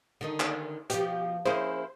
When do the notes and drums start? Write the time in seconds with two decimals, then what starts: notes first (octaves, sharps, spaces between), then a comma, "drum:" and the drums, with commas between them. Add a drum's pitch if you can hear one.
0.21 D3 D#3 D#4
0.40 drum: clap
0.90 B2 F3 G4, drum: hi-hat
1.46 A#3 C#4 E4 G#4 C5